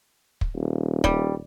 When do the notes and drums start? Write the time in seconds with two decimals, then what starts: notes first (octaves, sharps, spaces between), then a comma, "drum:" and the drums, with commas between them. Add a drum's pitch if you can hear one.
0.41 drum: kick
0.55 D#1
1.04 G3, drum: kick